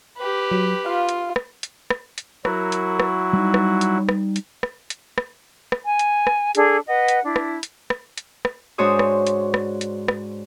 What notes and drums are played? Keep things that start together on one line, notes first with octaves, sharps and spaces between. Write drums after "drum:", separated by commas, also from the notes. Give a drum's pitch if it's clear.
G4 B4
F#3
F4 F5
drum: hi-hat
drum: rim click
drum: hi-hat
drum: rim click
drum: hi-hat
F#3 E4 F#4 A#4, drum: rim click
drum: hi-hat
drum: rim click
G3 D#4
drum: rim click
drum: hi-hat
drum: rim click
drum: hi-hat
drum: rim click
drum: hi-hat
drum: rim click
drum: rim click
G#5
drum: hi-hat
drum: rim click
D4 G#4 A4, drum: hi-hat
B4 D#5 F#5
drum: hi-hat
D4 E4
drum: rim click
drum: hi-hat
drum: rim click
drum: hi-hat
drum: rim click
G#2 D4 F#4 C5 C#5 D#6
drum: rim click
drum: hi-hat
drum: rim click
drum: hi-hat
drum: rim click